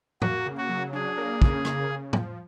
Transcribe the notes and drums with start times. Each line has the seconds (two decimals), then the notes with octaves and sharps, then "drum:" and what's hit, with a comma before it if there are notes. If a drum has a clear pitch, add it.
0.22 A#3 F#4, drum: tom
0.46 C#3
0.58 F#4
0.70 F#3
0.93 D4 G#4
1.18 A#3
1.42 C#3, drum: kick
1.65 A#3, drum: rim click
1.89 C#3
2.13 F3, drum: tom